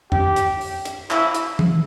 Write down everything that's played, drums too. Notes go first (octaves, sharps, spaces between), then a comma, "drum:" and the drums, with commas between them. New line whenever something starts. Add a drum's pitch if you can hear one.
G4, drum: tom F2
drum: hi-hat
drum: open hi-hat
drum: hi-hat
E4, drum: clap
drum: hi-hat
drum: tom